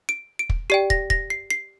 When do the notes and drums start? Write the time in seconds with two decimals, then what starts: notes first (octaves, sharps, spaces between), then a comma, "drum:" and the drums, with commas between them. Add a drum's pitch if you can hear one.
0.09 D7
0.39 D7
0.50 drum: kick
0.70 G4 D5 G5 C7
0.90 A#6, drum: kick
1.10 A#6, drum: kick
1.30 C7
1.50 C7